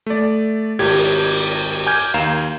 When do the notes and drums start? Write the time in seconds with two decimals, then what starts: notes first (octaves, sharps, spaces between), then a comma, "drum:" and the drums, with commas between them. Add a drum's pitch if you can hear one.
0.06 A3 D5
0.79 G#1 G4 G#6, drum: cymbal
1.87 G#5 D6 F6 G6 G#6
2.14 D#2 F5 A#5 E7